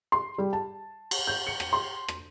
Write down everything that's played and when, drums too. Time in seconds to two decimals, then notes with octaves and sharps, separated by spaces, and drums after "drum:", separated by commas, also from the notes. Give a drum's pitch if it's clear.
0.12 C6
0.38 G3
0.53 A5
1.11 drum: cymbal
1.27 G6
1.47 C#7
1.60 drum: rim click
1.73 C6
2.08 drum: rim click